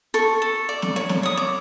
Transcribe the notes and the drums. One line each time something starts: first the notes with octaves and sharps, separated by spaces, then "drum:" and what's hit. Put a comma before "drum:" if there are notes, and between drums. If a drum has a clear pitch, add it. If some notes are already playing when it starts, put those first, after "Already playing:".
A4 C#6
A4
D5
drum: snare
C#5
drum: snare
C#5 D#6
D6